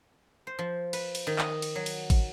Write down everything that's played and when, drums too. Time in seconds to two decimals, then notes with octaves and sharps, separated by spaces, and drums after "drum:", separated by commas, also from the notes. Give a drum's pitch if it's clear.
0.47 C5
0.59 F3
0.93 B4, drum: cymbal
1.15 drum: cymbal
1.27 D#3
1.39 D#5, drum: clap
1.62 drum: cymbal
1.76 F#3
1.86 drum: cymbal
2.10 drum: kick, cymbal